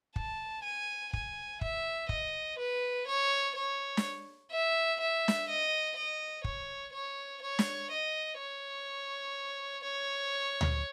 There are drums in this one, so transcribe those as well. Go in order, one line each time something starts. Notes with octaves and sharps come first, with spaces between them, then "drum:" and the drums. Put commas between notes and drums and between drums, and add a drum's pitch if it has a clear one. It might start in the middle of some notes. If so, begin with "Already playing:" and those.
A5, drum: kick
G#5
G#5, drum: kick
E5, drum: kick
D#5, drum: kick
B4
C#5
C#5
drum: snare
E5
E5
drum: snare
D#5
D#5
C#5, drum: kick
C#5
C#5
drum: snare
D#5
C#5
C#5
drum: tom D2